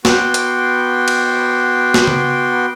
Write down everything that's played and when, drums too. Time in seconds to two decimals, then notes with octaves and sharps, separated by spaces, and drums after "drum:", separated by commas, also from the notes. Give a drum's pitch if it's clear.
0.05 B3 F#4 G5 C6 D6, drum: snare
0.34 drum: hi-hat
1.08 drum: cymbal
1.94 drum: snare
2.07 drum: tom C#3